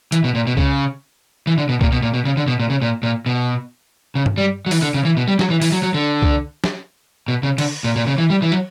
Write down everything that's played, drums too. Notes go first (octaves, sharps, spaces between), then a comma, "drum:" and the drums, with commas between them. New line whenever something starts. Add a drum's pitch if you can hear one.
E3, drum: hi-hat
B2
A#2
B2
C#3, drum: kick C2
E3
D3
B2
A#2, drum: kick C2
B2
A#2
B2
C#3
D3
B2
A#2
C#3
A#2
A#2
B2
C#3
drum: tom G2
G3
F#3
E3, drum: open hi-hat
D3
C#3
E3
B2
G3
F#3, drum: snare
E3
E3, drum: open hi-hat
F#3
F#3
D3
drum: kick C2
drum: snare
B2
C#3
D3, drum: cymbal
A#2
A#2
C#3
E3
G3
E3
F#3